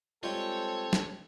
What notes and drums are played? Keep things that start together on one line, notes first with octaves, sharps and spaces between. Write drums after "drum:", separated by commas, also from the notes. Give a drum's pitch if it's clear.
G3 G#3 C4 F4 A4 C5 C#5
drum: snare